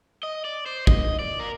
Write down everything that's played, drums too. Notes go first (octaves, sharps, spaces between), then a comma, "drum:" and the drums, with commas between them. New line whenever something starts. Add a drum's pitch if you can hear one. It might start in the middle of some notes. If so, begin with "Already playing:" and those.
D#5
D5
C5
D#5, drum: kick
D5
A#4